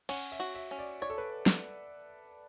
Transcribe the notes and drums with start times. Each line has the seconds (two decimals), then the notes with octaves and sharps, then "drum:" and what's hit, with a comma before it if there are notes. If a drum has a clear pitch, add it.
0.09 C#4 F#5, drum: cymbal
0.32 E5
0.40 F#4
0.55 E5
0.71 C#4
0.79 D5
1.02 C#5 D5
1.10 A4
1.18 B4
1.46 drum: snare